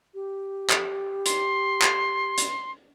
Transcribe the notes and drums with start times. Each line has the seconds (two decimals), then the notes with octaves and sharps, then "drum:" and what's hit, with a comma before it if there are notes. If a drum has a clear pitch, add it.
0.14 G4
0.70 drum: clap
1.26 C6, drum: hi-hat
1.82 drum: clap
2.38 drum: hi-hat